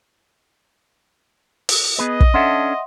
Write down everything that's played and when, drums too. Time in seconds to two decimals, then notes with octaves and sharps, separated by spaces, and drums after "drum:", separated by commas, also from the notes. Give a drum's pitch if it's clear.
1.69 drum: open hi-hat
1.98 B3 G#4 B4 D#5
2.20 drum: kick
2.34 C#4 D4 A4 E5 F#5 C6